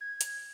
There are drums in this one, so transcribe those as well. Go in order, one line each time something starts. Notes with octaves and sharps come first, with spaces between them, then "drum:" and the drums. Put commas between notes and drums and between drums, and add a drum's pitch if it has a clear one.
G#6
drum: hi-hat